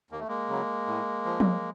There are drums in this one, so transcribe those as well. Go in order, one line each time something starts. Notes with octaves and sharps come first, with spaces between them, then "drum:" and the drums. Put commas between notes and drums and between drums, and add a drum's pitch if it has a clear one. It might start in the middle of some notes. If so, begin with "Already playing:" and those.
D#2 A#3
A3
G#3 A#3
C#3 F#3
A2
F3
drum: tom F3